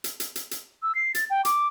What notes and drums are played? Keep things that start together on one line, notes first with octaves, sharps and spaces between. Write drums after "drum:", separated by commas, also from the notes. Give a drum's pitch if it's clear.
drum: hi-hat
drum: hi-hat
drum: hi-hat
drum: hi-hat
E6
C7
A6, drum: hi-hat
G5
D6, drum: hi-hat